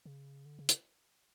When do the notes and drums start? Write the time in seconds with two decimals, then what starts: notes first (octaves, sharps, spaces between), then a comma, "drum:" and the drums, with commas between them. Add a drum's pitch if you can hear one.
0.06 C#3
0.45 D3
0.59 C#3
0.69 drum: hi-hat